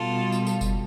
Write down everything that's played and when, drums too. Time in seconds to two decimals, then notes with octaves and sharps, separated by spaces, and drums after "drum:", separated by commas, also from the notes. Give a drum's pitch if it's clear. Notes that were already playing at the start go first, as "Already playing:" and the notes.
Already playing: B2 G3 F4 A4
0.32 drum: tambourine
0.47 drum: tambourine
0.61 drum: kick F#1, tambourine